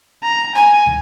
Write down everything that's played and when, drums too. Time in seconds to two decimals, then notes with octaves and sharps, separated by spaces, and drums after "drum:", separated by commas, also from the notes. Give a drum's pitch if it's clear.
0.23 A#5
0.55 G#5, drum: rim click
0.86 drum: tom